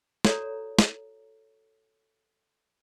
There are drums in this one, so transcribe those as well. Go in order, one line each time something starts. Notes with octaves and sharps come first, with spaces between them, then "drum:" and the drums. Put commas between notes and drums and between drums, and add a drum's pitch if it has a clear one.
F#4 A4 C#5 D5 A#5, drum: snare
drum: snare